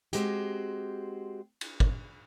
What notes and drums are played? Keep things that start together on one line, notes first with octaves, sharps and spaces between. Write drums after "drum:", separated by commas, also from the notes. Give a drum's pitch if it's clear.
G#3 C4 F#4 G4, drum: hi-hat
drum: cymbal
drum: kick